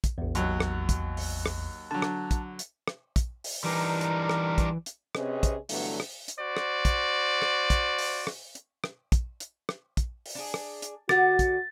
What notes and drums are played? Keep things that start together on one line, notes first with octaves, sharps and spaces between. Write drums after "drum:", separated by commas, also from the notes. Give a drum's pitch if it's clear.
drum: kick, hi-hat
A1 E2
D#2 F#3, drum: hi-hat
drum: rim click
drum: kick, hi-hat
drum: open hi-hat
drum: rim click
D3 F#3 A5
drum: rim click
drum: kick, hi-hat
drum: hi-hat
drum: rim click
drum: kick, hi-hat
drum: open hi-hat
E3 G3 D4 D#4 A#4
drum: hi-hat
drum: rim click
drum: kick, hi-hat
drum: hi-hat
C3 C4 C#4 G#4 B4 D#5, drum: rim click
drum: kick, hi-hat
G2 B2 D3 E3 F#3 A3, drum: open hi-hat
drum: rim click
drum: hi-hat
F#4 C5 D5
drum: rim click
drum: kick, hi-hat
drum: rim click
drum: kick, hi-hat
drum: open hi-hat
drum: rim click
drum: hi-hat
drum: rim click
drum: kick, hi-hat
drum: hi-hat
drum: rim click
drum: kick, hi-hat
drum: open hi-hat
D4 G#4
drum: rim click
drum: hi-hat
D3 F#4 G4 F#5 A6, drum: rim click
drum: kick, hi-hat